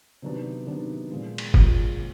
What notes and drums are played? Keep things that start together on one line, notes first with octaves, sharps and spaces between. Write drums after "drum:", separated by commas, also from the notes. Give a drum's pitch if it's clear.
C3 D#3 F#3 B3 D4
C3 D#3 F#3 B3 D4
A#2 F3 G#3
drum: cymbal
A#2 F3 G#3, drum: kick
C3